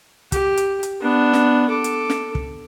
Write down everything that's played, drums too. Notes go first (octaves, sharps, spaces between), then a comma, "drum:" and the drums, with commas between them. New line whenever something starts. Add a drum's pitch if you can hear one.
G4, drum: kick, hi-hat
drum: hi-hat
drum: hi-hat
B3 D4
drum: snare
A4 D6
drum: hi-hat
drum: snare
drum: kick